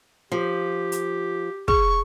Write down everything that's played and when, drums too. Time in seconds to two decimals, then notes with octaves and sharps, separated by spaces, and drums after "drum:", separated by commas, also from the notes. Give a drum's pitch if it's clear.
0.32 F3 G4
0.92 drum: hi-hat
1.68 G#4 C#6, drum: kick